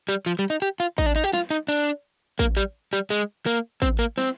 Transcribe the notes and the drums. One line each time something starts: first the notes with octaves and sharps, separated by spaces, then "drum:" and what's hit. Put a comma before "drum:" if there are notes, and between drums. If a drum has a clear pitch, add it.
G3
F3
G3
D#4
G4
F4
D#4, drum: kick A1
D4
D#4
G4
F4, drum: snare
D#4
D4
A#3, drum: kick A1
G3
G3
G#3
A#3
C4, drum: kick A1
A#3
C4, drum: snare